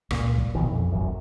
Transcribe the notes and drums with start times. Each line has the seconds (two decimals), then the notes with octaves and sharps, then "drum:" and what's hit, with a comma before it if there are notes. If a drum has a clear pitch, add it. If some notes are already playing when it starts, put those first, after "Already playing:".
0.11 C#2 A#2, drum: rim click
0.38 drum: kick
0.55 A#1 B2 D#3 E3
0.71 F2
0.92 D#1 A1 F#2